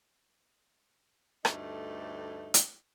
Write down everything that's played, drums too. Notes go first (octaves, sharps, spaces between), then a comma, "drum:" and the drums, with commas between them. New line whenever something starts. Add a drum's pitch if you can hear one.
D2 G2 A3 D#4, drum: rim click
drum: hi-hat